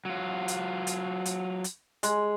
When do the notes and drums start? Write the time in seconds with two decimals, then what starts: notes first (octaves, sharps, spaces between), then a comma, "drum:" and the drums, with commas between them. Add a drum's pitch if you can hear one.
0.05 F#3 F4
0.48 drum: hi-hat
0.87 drum: hi-hat
1.26 drum: hi-hat
1.64 drum: hi-hat
2.03 G#3, drum: hi-hat